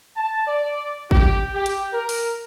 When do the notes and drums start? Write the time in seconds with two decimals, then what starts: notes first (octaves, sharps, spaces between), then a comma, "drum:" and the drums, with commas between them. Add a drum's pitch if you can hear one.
0.16 A5
0.47 D5
1.11 G4, drum: kick
1.54 G4
1.66 drum: hi-hat
1.93 A#4
2.09 drum: open hi-hat